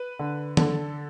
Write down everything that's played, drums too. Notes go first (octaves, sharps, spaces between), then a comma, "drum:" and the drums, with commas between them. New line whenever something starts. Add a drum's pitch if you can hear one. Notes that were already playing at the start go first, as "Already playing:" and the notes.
Already playing: B4
D3
D3 A4, drum: tom